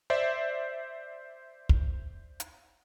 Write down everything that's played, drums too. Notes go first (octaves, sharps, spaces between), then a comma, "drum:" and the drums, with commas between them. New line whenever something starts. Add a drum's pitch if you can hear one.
C5 D5 E5
drum: kick
drum: hi-hat